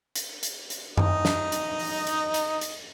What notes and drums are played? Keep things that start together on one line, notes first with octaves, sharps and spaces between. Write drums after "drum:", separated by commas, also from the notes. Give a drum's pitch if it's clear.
drum: hi-hat
drum: hi-hat
drum: hi-hat
D#4 D#5, drum: tom F#2
drum: snare
drum: hi-hat
drum: open hi-hat
drum: hi-hat
drum: hi-hat
drum: hi-hat